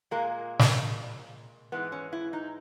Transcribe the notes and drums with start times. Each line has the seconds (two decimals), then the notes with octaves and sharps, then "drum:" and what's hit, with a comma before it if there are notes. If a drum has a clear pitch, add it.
0.11 A#2 G#3 A#3
0.59 drum: snare
1.72 G#2 E3 G#3 B3
1.92 C#4
2.13 E4
2.33 D#4